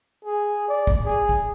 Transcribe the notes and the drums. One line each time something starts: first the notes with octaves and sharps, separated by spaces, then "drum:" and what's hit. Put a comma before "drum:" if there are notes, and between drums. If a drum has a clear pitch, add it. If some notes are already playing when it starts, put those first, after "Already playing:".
G#4
D5
drum: kick
G#4
drum: kick